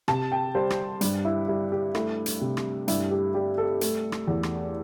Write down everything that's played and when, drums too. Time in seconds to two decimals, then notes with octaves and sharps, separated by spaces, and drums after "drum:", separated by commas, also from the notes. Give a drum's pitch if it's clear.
0.08 C3 A5, drum: rim click
0.32 G5
0.55 G3 C5
0.70 drum: rim click
1.01 G2 G4, drum: hi-hat
1.25 E4
1.48 G3 E4
1.72 G4
1.95 A3 E4, drum: rim click
2.26 drum: hi-hat
2.41 C3
2.57 drum: rim click
2.88 G2 E4, drum: hi-hat
3.11 G4
3.34 G3 G4
3.58 A4
3.81 A3, drum: hi-hat
4.12 drum: rim click
4.27 E2
4.43 drum: rim click